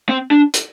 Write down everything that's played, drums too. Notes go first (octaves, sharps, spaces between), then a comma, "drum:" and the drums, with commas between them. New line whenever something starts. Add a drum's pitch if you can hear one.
C4
D4
drum: hi-hat